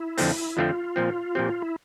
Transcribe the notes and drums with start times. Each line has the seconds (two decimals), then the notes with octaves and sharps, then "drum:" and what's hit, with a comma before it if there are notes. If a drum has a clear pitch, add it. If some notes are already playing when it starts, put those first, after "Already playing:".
Already playing: E4
0.18 F2 D3 F3 A3 C4, drum: open hi-hat
0.57 F2 D3 F3 A3 C4 F4
0.96 A#2 F3 C4
1.35 A#2 F3 C4 G4
1.49 F4
1.62 E4